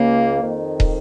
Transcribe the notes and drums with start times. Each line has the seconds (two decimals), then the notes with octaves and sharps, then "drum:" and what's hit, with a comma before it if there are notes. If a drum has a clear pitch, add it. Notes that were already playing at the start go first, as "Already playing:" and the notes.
Already playing: C#2 C#3 A#3
0.41 F2 D#3
0.80 drum: kick